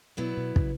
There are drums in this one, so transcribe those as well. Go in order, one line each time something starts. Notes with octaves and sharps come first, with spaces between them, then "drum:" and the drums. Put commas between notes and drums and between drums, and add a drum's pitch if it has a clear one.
B2 F#3 B3 E4 B4 D5
B2
C#3, drum: kick